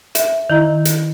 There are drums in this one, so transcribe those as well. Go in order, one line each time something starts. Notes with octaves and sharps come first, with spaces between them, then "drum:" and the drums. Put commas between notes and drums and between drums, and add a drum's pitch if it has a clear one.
E5, drum: hi-hat
D#3 E4 A#5
drum: hi-hat